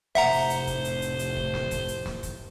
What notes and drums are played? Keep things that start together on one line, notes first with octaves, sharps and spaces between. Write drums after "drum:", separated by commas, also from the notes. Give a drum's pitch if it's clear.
F1 A2 C3 C5 E5 F#5 A#5, drum: snare
drum: open hi-hat
drum: hi-hat
drum: kick, hi-hat
drum: hi-hat
drum: hi-hat
drum: hi-hat
drum: kick
drum: snare
drum: kick, hi-hat
drum: hi-hat
drum: snare
drum: kick, hi-hat